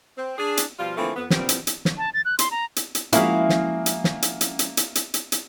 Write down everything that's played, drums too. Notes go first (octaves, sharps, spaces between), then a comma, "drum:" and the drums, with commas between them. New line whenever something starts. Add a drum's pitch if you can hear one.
C4
D4 G#4
drum: hi-hat
B2 F3 G3 F4
D3 E3 F3 A3 A#3 C4
F2 B3
A#2 F3 G3 B3 C4, drum: snare
drum: hi-hat
drum: hi-hat
drum: snare
A5
A6
F#6
C6, drum: hi-hat
A#5
drum: hi-hat
drum: hi-hat
F3 G#3 A#3 C#4 E4 F#4 G#4 F5, drum: hi-hat
drum: snare
drum: hi-hat
drum: snare
drum: hi-hat
drum: hi-hat
drum: hi-hat
drum: hi-hat
drum: hi-hat
drum: hi-hat
drum: hi-hat